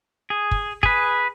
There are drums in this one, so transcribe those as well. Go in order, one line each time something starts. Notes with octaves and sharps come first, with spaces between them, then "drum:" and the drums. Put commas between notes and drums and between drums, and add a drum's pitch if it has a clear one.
G#4
drum: kick
G#4 B4, drum: kick